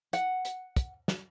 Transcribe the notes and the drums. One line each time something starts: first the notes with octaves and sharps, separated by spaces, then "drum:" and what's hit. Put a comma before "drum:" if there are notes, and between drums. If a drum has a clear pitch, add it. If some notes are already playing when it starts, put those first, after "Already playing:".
F#5, drum: hi-hat
drum: hi-hat
drum: kick, hi-hat
drum: snare